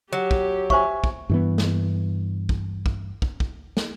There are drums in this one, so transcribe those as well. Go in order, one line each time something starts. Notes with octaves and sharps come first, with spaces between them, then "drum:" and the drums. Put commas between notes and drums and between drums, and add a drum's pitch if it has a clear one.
F#3 G4
drum: kick
C5 E5 G#5 C#6, drum: kick
drum: kick
G2 E3 B3
drum: snare
drum: kick
drum: kick
drum: kick
drum: kick
drum: snare